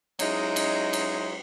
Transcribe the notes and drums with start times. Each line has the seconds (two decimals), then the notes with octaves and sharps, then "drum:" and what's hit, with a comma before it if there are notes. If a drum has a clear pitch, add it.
0.19 F#3 G#3 D#4 E4, drum: cymbal
0.56 drum: cymbal
0.93 drum: cymbal